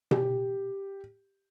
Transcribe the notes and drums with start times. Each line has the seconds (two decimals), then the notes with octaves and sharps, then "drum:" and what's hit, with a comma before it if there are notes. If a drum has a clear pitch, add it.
0.11 G4, drum: tom B2